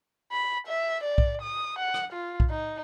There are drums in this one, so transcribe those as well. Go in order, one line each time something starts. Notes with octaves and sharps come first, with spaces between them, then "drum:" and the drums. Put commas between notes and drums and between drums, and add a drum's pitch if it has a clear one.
B5
E5
D5
drum: kick B1
D#6
F#5
drum: rim click
F4
drum: kick B1
D#4